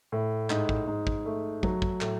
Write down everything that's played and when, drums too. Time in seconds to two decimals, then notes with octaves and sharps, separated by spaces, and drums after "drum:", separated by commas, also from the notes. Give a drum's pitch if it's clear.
0.12 A2
0.50 G#2, drum: clap
0.69 drum: kick
0.87 G#2
1.07 drum: kick
1.25 A3
1.63 F#3, drum: kick
1.82 drum: kick
2.01 A2, drum: clap